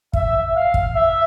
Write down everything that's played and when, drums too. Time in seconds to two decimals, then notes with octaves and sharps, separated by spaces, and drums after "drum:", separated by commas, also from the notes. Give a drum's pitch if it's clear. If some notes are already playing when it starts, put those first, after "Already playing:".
0.13 E5, drum: kick
0.54 F5
0.74 drum: kick
0.95 E5